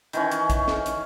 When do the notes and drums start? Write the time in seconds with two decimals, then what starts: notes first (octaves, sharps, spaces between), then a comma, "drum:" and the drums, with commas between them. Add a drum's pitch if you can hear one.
0.13 D#3 E3 C#4, drum: hi-hat
0.31 drum: hi-hat
0.50 drum: kick A#1, hi-hat
0.68 drum: snare
0.86 drum: hi-hat